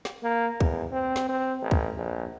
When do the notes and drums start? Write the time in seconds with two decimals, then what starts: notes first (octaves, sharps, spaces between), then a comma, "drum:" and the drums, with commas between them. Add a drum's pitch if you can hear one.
0.05 drum: snare
0.23 A#3
0.60 E2, drum: kick
0.91 C4
1.16 drum: snare
1.28 C4
1.62 A1
1.71 drum: kick
1.97 A#1